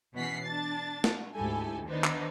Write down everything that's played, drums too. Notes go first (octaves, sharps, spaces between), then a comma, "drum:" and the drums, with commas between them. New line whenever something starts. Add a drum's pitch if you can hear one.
B2 E3 C#4 F#5 B6 C7
D4 A5 A6
drum: snare
D2 G#2 E4 G4 A4 G#5
D#3 B3 D4 D#4 C5
drum: clap